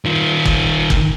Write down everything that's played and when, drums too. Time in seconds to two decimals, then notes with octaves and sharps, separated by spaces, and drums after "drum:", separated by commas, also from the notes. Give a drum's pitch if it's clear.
0.05 D#3 F4
0.45 drum: kick
0.90 drum: kick